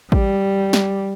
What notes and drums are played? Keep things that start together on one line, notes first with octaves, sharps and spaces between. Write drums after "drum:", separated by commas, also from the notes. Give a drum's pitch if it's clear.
G3, drum: kick A1
drum: snare